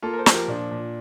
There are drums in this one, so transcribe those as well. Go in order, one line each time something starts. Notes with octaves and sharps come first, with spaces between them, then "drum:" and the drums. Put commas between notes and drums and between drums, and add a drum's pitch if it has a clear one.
A#3 F4 A4
A#4
A4 C5
F3, drum: snare
G4 A#4
A#2 D4
A#2